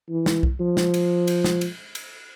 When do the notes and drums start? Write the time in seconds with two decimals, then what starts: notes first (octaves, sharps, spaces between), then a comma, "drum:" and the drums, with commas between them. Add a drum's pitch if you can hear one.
0.10 E3
0.26 drum: snare
0.43 drum: kick B1
0.60 F3
0.77 drum: snare
0.94 drum: cymbal
1.28 drum: cymbal
1.44 drum: snare
1.61 drum: cymbal
1.95 drum: cymbal